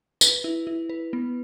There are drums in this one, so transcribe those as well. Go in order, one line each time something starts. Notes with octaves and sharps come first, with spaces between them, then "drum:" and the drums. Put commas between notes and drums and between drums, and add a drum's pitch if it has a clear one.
B4, drum: tambourine
E4
E4
B4
B3